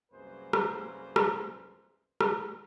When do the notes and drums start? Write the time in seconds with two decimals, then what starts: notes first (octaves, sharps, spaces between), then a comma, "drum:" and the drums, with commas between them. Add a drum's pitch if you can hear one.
0.12 C2 F#2 A#3 G#4 B4 C5
0.53 drum: rim click
1.16 drum: rim click
2.21 drum: rim click